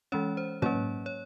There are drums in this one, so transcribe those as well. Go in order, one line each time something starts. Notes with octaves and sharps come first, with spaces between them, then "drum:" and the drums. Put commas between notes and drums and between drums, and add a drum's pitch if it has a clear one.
E3 G#3 C#4 C#5
C5
F#3 A#3 C#4 C#5, drum: tom
C#5